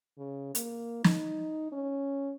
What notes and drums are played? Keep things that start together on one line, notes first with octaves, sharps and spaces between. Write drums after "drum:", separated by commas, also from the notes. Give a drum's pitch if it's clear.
C#3
A#3, drum: hi-hat
D#4, drum: snare
C#4